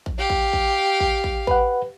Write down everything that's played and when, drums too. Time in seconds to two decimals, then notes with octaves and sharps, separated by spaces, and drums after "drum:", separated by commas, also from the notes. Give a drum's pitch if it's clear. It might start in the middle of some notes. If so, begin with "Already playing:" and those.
0.06 drum: kick A1
0.18 G4 F5
0.30 drum: kick A1
0.53 drum: kick A1
1.00 drum: kick A1
1.24 drum: kick A1
1.47 B4 F#5, drum: kick A1